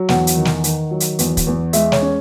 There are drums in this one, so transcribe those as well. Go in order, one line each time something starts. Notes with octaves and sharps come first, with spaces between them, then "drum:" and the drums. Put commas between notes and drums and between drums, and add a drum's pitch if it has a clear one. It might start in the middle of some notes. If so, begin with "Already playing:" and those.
Already playing: F#3
E2 F#5, drum: snare
drum: hi-hat
D#3
drum: snare
D#3, drum: hi-hat
F#3
drum: hi-hat
E2, drum: hi-hat
drum: kick, hi-hat
E2
G#3 E5, drum: hi-hat
C#5, drum: snare
C#4